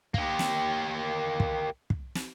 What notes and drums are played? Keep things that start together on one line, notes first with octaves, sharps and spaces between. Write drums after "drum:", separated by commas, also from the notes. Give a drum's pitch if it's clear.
A#3 G4, drum: kick
drum: snare
drum: kick
drum: kick
drum: snare